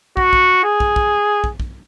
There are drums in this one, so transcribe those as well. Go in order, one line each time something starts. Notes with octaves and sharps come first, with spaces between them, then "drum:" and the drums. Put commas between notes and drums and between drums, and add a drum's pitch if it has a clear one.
F#4, drum: kick
drum: kick
G#4
drum: kick
drum: kick
drum: kick
drum: kick